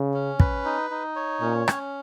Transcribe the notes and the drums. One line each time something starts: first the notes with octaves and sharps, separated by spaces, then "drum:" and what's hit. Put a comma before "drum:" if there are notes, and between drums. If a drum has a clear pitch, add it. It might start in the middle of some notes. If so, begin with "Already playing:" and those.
Already playing: C#3
C#4
B4, drum: kick
D#4
D#4
C#5
A#2 C#4
C#4, drum: rim click